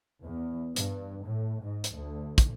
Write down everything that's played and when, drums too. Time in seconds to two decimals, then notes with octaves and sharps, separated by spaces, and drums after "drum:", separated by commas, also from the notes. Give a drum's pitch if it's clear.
0.22 E2
0.76 G2, drum: hi-hat
1.24 A2
1.62 G#2
1.84 drum: hi-hat
1.94 D2
2.38 drum: kick, hi-hat